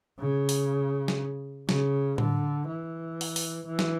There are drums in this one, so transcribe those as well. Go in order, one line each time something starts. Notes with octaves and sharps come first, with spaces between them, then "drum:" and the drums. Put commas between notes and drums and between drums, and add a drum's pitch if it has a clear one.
C#3
drum: open hi-hat
drum: snare
C#3, drum: snare
D3, drum: tom A2
E3
drum: open hi-hat
drum: open hi-hat
E3
drum: snare